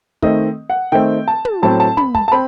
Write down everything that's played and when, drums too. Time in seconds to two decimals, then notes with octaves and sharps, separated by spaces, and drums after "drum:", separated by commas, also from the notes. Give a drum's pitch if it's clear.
0.22 D#3 A3 C4 D#5, drum: kick
0.70 F#5
0.92 D#3 A3 C4 G5
1.28 A5
1.45 drum: tom
1.62 A2 F#3 C4 A5
1.80 A5
1.97 B5, drum: tom
2.15 A5, drum: kick
2.28 A5
2.32 C4 B5